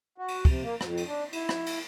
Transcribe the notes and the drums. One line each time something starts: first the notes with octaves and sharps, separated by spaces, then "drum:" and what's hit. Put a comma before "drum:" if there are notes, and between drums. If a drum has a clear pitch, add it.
F#4
drum: cymbal
C3, drum: kick, cymbal
A#3
F2, drum: rim click
drum: cymbal
D4
E4, drum: cymbal
drum: rim click
drum: cymbal